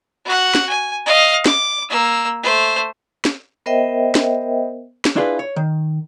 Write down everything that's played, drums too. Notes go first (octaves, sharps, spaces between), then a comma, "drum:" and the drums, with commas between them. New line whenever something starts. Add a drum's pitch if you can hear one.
F#4 F#5
drum: snare
G#5
D#5 F5
D6, drum: snare
A#3 E6
A3 C5
drum: snare
B3 A#4 C5 D#5 E5 G5
drum: snare
drum: snare
D4 E4 F4 G#4 A#4 B4
C#5
D#3